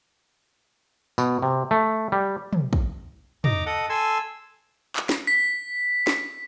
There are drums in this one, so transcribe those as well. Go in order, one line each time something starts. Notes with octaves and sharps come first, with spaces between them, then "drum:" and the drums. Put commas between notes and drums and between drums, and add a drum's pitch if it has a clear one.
B2, drum: tambourine
C3
A3
G3
drum: tom
drum: kick
D#4 A#5 D6, drum: tom
A4 D#5 F#5 D#6
A4 G#5 C6 E6
drum: clap
drum: snare
B6
drum: snare